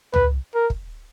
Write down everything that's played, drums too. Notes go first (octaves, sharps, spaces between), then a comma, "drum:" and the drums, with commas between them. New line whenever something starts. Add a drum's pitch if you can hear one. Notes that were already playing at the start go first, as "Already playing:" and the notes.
B4, drum: tom
A#4
drum: kick